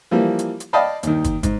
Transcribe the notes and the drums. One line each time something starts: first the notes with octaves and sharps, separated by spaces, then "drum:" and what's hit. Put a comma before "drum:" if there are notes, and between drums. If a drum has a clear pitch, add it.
E3 F3 G3 A#3
drum: hi-hat
drum: hi-hat
D5 D#5 F5 G5 A5 B5
D#2 D#3, drum: hi-hat
drum: kick, hi-hat
G#2, drum: kick, hi-hat